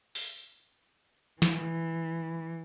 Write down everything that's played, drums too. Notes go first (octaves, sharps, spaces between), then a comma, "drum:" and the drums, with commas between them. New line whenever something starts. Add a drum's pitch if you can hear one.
drum: open hi-hat
E3, drum: snare